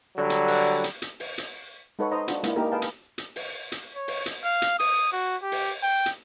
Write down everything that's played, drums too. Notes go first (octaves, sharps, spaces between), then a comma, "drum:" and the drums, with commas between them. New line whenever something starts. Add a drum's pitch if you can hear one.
D3 F#3 G3
drum: hi-hat
drum: open hi-hat
drum: hi-hat
drum: hi-hat
drum: open hi-hat
drum: hi-hat
G#3 D#4 A4 B4 C#5 F#5
D#4 C5 D#5 A#5
D4 F4 F#4, drum: hi-hat
G#3 A#3 D4 E4 F4, drum: hi-hat
A#3 D#4 G4 G#4 A#4
G#4 B4 D#5 F5 G5 A5
drum: hi-hat
drum: hi-hat
drum: open hi-hat
drum: hi-hat
C#5
drum: open hi-hat
drum: hi-hat
F5
drum: hi-hat
D#6, drum: open hi-hat
F#4
G4
drum: open hi-hat
G5
drum: hi-hat